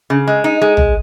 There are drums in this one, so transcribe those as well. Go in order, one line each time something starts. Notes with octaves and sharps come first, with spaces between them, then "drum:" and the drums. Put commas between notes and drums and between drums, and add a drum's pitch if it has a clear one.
C#3
G#3
D#4
G#3
drum: tom